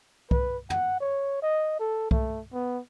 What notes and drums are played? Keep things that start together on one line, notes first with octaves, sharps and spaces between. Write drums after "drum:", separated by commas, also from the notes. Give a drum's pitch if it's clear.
B4, drum: kick C2
F#5, drum: tom
C#5
D#5
A4
A3, drum: kick C2
B3